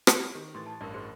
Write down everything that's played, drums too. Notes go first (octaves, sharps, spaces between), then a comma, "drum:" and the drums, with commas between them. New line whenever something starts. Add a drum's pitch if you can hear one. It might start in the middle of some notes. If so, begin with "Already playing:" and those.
drum: rim click
D#3 G4
A2 E3 C6 A6
A5
A1 G2 A#4 D5
F#4 G#4 C5